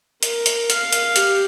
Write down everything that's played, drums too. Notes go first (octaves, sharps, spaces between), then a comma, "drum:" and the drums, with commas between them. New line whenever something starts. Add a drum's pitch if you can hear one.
A#4, drum: hi-hat
drum: hi-hat
F5, drum: hi-hat
drum: hi-hat
G4, drum: hi-hat